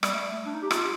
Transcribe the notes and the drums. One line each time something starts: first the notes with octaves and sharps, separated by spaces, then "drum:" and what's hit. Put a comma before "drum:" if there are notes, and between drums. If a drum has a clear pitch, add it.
G3, drum: rim click
A3
D4
D#4
G4
F4, drum: rim click